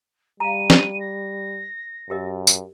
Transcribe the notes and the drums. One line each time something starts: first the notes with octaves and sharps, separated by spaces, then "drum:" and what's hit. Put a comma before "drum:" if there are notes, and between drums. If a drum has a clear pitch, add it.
G3 F5 A#5 D#7
drum: snare
A#6
F#2 G4 A#4 D#5
drum: tambourine